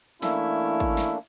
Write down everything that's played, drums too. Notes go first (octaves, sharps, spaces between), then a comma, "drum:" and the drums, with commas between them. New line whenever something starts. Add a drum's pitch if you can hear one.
E3 A3 A#3 C#4 D4 E4, drum: snare
drum: kick G#1
drum: snare